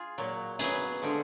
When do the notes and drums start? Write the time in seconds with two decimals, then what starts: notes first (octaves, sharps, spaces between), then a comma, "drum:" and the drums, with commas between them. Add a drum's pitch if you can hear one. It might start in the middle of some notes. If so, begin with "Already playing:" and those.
Already playing: F4 G#4
0.18 A#2 F#3
0.59 B2 F#3 G#4 B4, drum: hi-hat
1.02 D3 F3 G#3